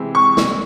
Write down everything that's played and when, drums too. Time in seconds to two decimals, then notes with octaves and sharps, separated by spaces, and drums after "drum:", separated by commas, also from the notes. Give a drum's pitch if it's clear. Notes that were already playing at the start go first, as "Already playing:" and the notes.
Already playing: C3 E3 G#3 C4
0.15 C#6
0.37 drum: snare